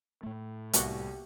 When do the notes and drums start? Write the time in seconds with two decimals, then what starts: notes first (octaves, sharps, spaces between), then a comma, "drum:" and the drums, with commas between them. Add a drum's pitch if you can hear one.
0.23 A2 A3
0.73 C2 A#3 B3 F#4 G4, drum: hi-hat